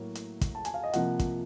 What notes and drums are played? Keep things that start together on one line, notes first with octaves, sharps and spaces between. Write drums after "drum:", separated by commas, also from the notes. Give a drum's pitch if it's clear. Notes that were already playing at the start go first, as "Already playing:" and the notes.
Already playing: A2 F#3 A#3
drum: hi-hat
drum: kick, hi-hat
A5
G#5, drum: hi-hat
F5
D#5
C3 F3 A#3 F#5, drum: hi-hat
drum: kick, hi-hat